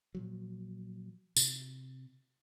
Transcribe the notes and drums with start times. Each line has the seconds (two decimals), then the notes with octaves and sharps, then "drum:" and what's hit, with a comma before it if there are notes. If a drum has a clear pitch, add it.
0.15 A#2 F3 F#3
1.37 C3, drum: tambourine